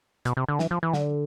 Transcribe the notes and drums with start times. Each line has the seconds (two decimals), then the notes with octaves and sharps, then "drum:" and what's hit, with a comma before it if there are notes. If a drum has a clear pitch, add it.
0.25 B2, drum: hi-hat
0.37 C3
0.48 D3
0.59 E3, drum: snare
0.71 F3
0.83 E3
0.94 D3, drum: snare